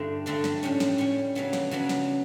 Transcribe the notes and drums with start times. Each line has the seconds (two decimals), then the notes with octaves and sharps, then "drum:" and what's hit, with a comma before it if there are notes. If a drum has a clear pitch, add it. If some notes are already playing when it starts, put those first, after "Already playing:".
Already playing: G2 D3 A3 D4 E4
0.26 G2 D3 A3 D4
0.44 drum: snare
0.63 A2 G3 C#4
0.80 drum: snare
0.98 A2 G3 C#4
1.35 C#3 F#3 B3 D4
1.53 drum: snare
1.71 C#3 F#3 B3 D4
1.89 drum: snare